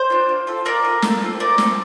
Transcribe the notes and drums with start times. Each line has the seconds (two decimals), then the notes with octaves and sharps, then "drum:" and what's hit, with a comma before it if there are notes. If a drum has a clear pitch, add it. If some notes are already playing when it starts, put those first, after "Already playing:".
Already playing: C5
0.10 D4 F4
0.29 A#3
0.47 F4 A4
0.65 A#3 A#4 D5
0.84 F4 A4
1.02 A3, drum: snare
1.22 C4 F4 A4
1.40 A3 A#4 D5
1.58 C4 F4 A4, drum: snare